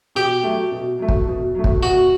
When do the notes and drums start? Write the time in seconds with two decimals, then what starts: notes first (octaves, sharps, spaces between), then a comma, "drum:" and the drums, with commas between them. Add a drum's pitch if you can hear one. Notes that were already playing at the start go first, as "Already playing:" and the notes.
0.15 B2 G4
0.43 F#3 A3
0.71 B2
0.99 F#3 A3
1.08 drum: kick
1.27 B2
1.55 F#3 A3
1.64 drum: kick
1.83 B2 F#4